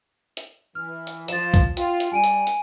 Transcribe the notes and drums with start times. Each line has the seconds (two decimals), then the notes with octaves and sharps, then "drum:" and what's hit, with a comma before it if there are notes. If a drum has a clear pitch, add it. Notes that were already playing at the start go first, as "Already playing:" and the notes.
0.37 drum: hi-hat
0.75 E3 F6
1.07 drum: hi-hat
1.28 F3 A6 E7, drum: hi-hat
1.54 drum: kick, hi-hat
1.77 F4 G5, drum: hi-hat
2.00 drum: hi-hat
2.12 G3 G#5 D7 D#7
2.24 drum: hi-hat
2.47 drum: hi-hat